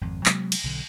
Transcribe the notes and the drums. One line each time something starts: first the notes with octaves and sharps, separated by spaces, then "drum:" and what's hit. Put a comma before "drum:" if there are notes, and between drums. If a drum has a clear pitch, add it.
G#1 F2
C3 F#3 G#3 A#3, drum: clap
drum: cymbal
B1 D3